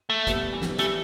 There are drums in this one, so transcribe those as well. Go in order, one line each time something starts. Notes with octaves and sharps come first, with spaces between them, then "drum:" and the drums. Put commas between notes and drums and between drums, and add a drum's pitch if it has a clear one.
A3
G3 B3, drum: kick, hi-hat
E3 G3
drum: snare
E3 G3 A3, drum: hi-hat